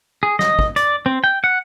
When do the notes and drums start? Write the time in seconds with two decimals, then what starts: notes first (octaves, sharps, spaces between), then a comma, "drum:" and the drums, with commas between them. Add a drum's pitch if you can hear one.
0.23 G#4
0.39 D#5, drum: snare
0.59 drum: kick
0.76 D5, drum: hi-hat
1.06 C4
1.24 G5
1.44 F#5